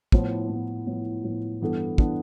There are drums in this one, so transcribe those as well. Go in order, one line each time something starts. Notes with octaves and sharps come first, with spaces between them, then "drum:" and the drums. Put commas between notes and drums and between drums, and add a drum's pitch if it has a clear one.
A2 F3 B3, drum: kick
A2 F3 B3
A2 F3 B3
A2 F3 B3
G2 E3 B3 D4 A4
E3 B3 D4 A4, drum: kick